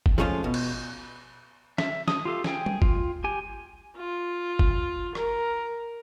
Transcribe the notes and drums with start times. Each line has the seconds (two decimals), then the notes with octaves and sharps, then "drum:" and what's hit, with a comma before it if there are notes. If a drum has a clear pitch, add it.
0.06 drum: kick
0.18 F3 G#3 A3 C#4 F4
0.44 B2
0.54 drum: cymbal
1.78 E5, drum: snare
2.08 D#6, drum: snare
2.25 F4 G4 A4 F5
2.44 G#4 G5, drum: snare
2.66 drum: tom G3
2.82 F4, drum: kick
3.24 G4 G#5
3.97 F4
4.59 drum: kick
5.15 A#4, drum: rim click